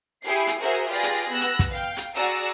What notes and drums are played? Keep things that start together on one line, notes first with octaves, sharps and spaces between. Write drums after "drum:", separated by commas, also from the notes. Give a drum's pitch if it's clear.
E4 G4 G#4 C7
drum: hi-hat
F#4 G#4 A#4 C5 E5 A#5
F4 G4 G#4 B4 D5 A#6
drum: hi-hat
B3 E6 F#6 A#6
drum: hi-hat
drum: kick, hi-hat
F5 G5
drum: hi-hat
F#4 G#4 D5 F#5 A#5 E6